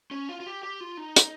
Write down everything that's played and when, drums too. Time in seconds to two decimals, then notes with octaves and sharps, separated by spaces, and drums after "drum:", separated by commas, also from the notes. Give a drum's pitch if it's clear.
0.11 C#4
0.29 F4
0.40 F4
0.46 G4
0.63 G4
0.80 F4
0.97 D#4
1.16 drum: hi-hat